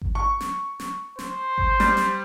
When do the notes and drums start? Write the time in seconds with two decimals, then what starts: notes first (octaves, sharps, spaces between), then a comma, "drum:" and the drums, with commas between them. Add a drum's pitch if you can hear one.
0.01 drum: kick G#1
0.15 C#6
0.41 drum: snare
0.80 drum: snare
1.19 C5, drum: snare
1.58 drum: kick G#1
1.80 G3, drum: snare
1.97 drum: snare